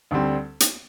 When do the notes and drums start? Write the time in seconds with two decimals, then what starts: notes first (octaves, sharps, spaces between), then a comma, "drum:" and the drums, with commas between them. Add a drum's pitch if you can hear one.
0.11 D2 D3 G3 C4
0.60 drum: hi-hat